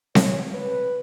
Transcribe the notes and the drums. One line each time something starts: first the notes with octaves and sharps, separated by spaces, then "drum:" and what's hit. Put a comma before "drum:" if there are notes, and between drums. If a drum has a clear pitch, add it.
C#5, drum: snare C4
B4